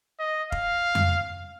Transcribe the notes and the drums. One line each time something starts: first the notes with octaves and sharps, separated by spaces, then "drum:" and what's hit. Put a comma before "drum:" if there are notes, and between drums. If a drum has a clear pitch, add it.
D#5
F5, drum: kick
drum: tom F2